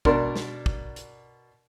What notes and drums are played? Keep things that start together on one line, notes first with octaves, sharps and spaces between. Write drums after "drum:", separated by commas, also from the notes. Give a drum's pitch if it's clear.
B2 D4 A#4 D5 C6, drum: kick
drum: snare
drum: kick
drum: hi-hat